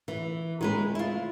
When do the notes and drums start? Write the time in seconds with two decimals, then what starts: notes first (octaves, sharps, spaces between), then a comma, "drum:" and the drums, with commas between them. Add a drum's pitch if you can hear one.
0.08 E3
0.61 D#3 G#3 B4, drum: tom
0.95 E4 F4